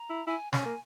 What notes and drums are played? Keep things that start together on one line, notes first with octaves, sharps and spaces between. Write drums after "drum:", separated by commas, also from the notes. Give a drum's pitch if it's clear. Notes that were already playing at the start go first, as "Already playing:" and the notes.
Already playing: A#5
E4
E4 G#5
C#4 G#5, drum: snare
A#3